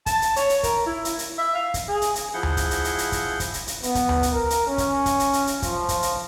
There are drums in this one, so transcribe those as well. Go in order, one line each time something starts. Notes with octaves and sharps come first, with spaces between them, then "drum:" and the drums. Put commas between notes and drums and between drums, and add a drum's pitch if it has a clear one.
A5, drum: kick, hi-hat
drum: hi-hat
C#5, drum: hi-hat
drum: hi-hat
A#4, drum: kick, hi-hat
E4
drum: hi-hat
drum: hi-hat
E5
F5
drum: kick, hi-hat
G#4
drum: hi-hat
drum: hi-hat
F3 E4 G#4 F#5 G6
drum: tom D2
drum: kick, hi-hat
drum: hi-hat
drum: hi-hat
drum: hi-hat
drum: kick, hi-hat
drum: kick, hi-hat
drum: hi-hat
drum: hi-hat
B3, drum: hi-hat
drum: kick, hi-hat
drum: tom D2
drum: kick, hi-hat
A#4
drum: hi-hat
C#4
drum: kick, hi-hat
drum: kick, hi-hat
drum: hi-hat
drum: hi-hat
drum: hi-hat
F3, drum: kick, hi-hat
drum: kick, hi-hat
drum: hi-hat